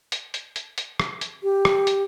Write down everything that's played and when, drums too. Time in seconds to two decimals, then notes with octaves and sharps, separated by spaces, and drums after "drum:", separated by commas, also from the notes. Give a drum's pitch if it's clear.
0.12 drum: hi-hat
0.34 drum: hi-hat
0.56 drum: hi-hat
0.78 drum: hi-hat
1.00 drum: rim click
1.21 drum: hi-hat
1.43 G4
1.65 drum: rim click
1.87 drum: hi-hat